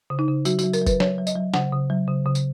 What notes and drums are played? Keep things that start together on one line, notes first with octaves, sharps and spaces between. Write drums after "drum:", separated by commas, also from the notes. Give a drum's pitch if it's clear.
C#3
D#4
C#3
F#3 F#4, drum: tambourine
F#3 F#4, drum: tambourine
A#4, drum: tambourine
F#3
B4, drum: kick, tambourine
F#3 C#5, drum: snare
F#3
D#5, drum: tambourine
F#3
C#3 F#5, drum: snare
C#3
F#3
C#3
C#3
drum: tambourine